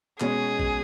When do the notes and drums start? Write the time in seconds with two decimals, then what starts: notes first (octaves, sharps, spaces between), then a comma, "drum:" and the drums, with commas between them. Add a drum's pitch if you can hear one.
0.20 B2 G#3 C#4 G#4, drum: clap
0.59 drum: kick